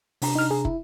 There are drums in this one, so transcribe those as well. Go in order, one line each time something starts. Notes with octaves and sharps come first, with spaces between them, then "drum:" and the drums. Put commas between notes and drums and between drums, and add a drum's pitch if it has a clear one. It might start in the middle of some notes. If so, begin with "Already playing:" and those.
C3 D4 A#5, drum: open hi-hat
D#4 F6
G#4
E4, drum: kick